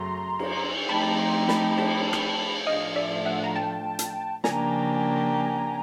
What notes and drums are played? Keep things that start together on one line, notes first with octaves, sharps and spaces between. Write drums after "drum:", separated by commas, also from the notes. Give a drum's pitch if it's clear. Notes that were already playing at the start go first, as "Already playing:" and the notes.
Already playing: F#2 C#3 F#3 A3 A#5 C6
drum: cymbal
F3 A3 C4 D#4 G4 A5 B5
A#5 C6
A5 B5, drum: snare
A5 B5, drum: cymbal
drum: rim click
A2 F3 A3 D4 F4 D#5 F5
D5 E5
E5 F#5
A#5
G5 A5
drum: hi-hat
C#3 F3 A#3 D4 G4 G#5 A#5, drum: snare